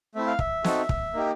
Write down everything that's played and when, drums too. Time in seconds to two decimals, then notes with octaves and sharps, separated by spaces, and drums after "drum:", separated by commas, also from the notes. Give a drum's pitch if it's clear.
0.15 A3 C4 E4 E5
0.27 F5
0.39 E5, drum: kick
0.64 C4 D#4 F#4 A4, drum: snare
0.89 drum: kick
1.14 A#3 D#4 G4